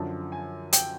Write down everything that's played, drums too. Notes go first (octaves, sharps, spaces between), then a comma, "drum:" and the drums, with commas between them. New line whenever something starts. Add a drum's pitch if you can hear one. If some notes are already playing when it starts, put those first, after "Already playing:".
Already playing: F#2 D3 F3 A5
G#5
G5, drum: hi-hat